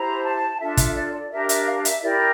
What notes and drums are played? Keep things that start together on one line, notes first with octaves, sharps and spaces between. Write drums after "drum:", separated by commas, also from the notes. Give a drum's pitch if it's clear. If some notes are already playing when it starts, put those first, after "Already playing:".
Already playing: E4 G4 C5 A#5
A5
D4 F4 A4 E5
E5, drum: kick, hi-hat
D5
D5
D4 G4 A#4 E5
E5, drum: hi-hat
F5
E5, drum: hi-hat
E4 G4 A#4 D5